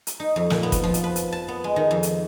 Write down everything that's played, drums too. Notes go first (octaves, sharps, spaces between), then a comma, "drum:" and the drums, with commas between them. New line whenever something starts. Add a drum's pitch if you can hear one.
drum: hi-hat
D#4
F2
A#2, drum: snare
B3
drum: kick, hi-hat
F3
drum: hi-hat
B4
drum: hi-hat
A5
B3
G#3
D#3
F2
drum: hi-hat